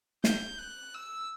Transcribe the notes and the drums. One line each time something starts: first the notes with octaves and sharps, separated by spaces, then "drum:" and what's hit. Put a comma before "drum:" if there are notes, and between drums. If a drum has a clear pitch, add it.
G6, drum: snare
F#6
E6